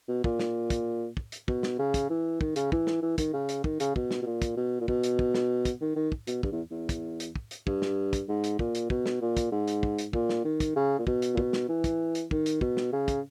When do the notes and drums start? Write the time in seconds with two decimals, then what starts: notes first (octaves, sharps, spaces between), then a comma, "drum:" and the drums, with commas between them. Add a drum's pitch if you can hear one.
0.08 B2
0.24 A#2, drum: kick
0.39 drum: snare
0.70 drum: kick, hi-hat
1.17 drum: kick
1.32 drum: hi-hat
1.48 B2, drum: kick
1.63 drum: snare
1.79 C#3
1.94 drum: kick, hi-hat
2.10 E3
2.41 D#3, drum: kick
2.56 C#3, drum: hi-hat
2.72 E3, drum: kick
2.87 drum: snare
3.02 E3
3.18 D#3, drum: kick, hi-hat
3.33 C#3
3.49 drum: hi-hat
3.64 D#3, drum: kick
3.80 C#3, drum: hi-hat
3.96 B2, drum: kick
4.11 drum: snare
4.22 B2
4.26 A#2
4.42 drum: kick, hi-hat
4.57 B2
4.80 A#2
4.88 B2, drum: kick
5.03 drum: hi-hat
5.19 drum: kick
5.34 drum: snare
5.65 drum: kick, hi-hat
5.81 D#3
5.96 D#3
6.12 drum: kick
6.27 B2, drum: hi-hat
6.43 G2, drum: kick
6.52 E2
6.71 E2
6.89 drum: kick, hi-hat
7.20 drum: hi-hat
7.36 drum: kick
7.51 drum: hi-hat
7.67 G2, drum: kick
7.82 drum: snare
8.13 drum: kick, hi-hat
8.28 G#2
8.44 drum: hi-hat
8.59 A#2, drum: kick
8.75 drum: hi-hat
8.90 B2, drum: kick
9.06 drum: snare
9.21 A#2
9.37 drum: kick, hi-hat
9.52 G#2
9.68 drum: hi-hat
9.83 drum: kick
9.98 drum: hi-hat
10.13 A#2, drum: kick
10.29 drum: snare
10.45 D#3
10.60 drum: kick, hi-hat
10.76 C#3
10.99 A#2
11.07 B2, drum: kick
11.22 drum: hi-hat
11.34 A#2
11.37 B2, drum: kick
11.53 drum: snare
11.69 E3
11.84 drum: kick, hi-hat
12.15 drum: hi-hat
12.31 D#3, drum: kick
12.46 drum: hi-hat
12.61 B2, drum: kick
12.77 drum: snare
12.93 C#3
13.08 drum: kick, hi-hat